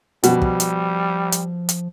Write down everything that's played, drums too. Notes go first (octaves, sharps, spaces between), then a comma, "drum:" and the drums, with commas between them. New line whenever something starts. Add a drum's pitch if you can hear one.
B2 F3 G3, drum: hi-hat
drum: kick
drum: hi-hat
drum: hi-hat
drum: hi-hat